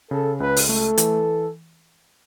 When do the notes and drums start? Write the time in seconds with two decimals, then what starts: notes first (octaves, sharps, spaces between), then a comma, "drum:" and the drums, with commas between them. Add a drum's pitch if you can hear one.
0.11 C#3 A4
0.40 C#2 B4
0.56 drum: open hi-hat
0.69 A3 A4
0.98 E3, drum: hi-hat